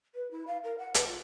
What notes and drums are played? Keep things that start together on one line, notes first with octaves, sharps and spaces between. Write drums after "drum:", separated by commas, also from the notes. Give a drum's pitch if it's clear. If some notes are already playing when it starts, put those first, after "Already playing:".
B4
E4
F5
A#4
F#5
B4, drum: hi-hat
F4